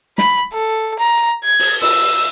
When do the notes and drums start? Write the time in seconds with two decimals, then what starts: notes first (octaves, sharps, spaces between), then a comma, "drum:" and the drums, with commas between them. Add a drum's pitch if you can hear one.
0.18 B5, drum: snare
0.53 A4
0.99 A#5
1.44 G#6
1.59 drum: open hi-hat
1.82 E6, drum: cymbal